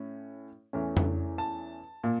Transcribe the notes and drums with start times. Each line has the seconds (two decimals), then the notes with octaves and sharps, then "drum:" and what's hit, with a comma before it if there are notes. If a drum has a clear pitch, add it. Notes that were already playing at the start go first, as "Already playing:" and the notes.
Already playing: A2 C#4
0.73 E2 E3 A3 C#4
0.97 drum: tom F2
1.38 A5
2.04 A#2